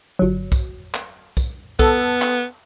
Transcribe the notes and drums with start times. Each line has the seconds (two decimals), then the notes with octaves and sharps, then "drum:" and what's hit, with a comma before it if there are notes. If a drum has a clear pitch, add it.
0.19 G1 F#3
0.52 drum: kick B1, tambourine
0.94 drum: clap
1.37 drum: kick B1, tambourine
1.79 B3 A4, drum: kick B1, tambourine
2.22 drum: clap